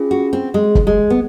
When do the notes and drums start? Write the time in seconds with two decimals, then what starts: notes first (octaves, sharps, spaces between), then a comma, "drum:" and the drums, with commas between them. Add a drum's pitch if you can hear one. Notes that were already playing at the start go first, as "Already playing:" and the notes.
Already playing: C#4 F4 G#4
0.11 F#4
0.33 C4
0.54 G#3
0.75 drum: kick
0.87 G#3
1.10 B3